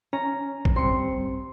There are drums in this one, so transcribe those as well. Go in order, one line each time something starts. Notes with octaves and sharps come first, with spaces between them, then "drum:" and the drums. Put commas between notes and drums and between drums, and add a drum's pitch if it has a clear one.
C#4 A#5
drum: kick
G2 G3 C4 C6 C#7